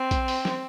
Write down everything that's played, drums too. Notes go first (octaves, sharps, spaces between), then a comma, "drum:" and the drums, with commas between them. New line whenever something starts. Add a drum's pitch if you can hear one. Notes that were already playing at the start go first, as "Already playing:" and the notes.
Already playing: C4
drum: kick A#1, hi-hat
drum: open hi-hat
drum: snare